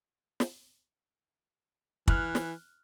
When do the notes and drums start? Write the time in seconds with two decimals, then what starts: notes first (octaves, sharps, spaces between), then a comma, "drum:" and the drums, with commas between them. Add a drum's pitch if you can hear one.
0.40 drum: snare
2.08 E3 F6 F#6, drum: kick
2.35 drum: snare